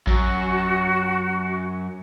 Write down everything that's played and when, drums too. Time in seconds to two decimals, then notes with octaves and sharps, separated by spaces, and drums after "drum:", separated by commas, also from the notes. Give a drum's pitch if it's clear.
0.07 F#2 F#4, drum: kick A1